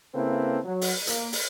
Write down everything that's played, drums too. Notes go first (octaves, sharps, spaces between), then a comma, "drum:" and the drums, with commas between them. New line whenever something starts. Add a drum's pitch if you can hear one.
C#3 A#3 C4 E4 A4 B4
F#3
drum: open hi-hat
A#3, drum: hi-hat
drum: open hi-hat